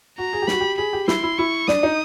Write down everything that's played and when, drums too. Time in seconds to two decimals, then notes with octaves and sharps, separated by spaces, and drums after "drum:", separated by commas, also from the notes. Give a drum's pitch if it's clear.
0.18 F#4 A#5
0.33 G#4
0.42 G4
0.48 F#4 B5, drum: snare
0.60 G4
0.78 G#4 B5
0.93 G4
1.08 E4 C6, drum: snare
1.23 E4
1.38 E4 C#6
1.68 D4 D#6, drum: snare
1.83 D#4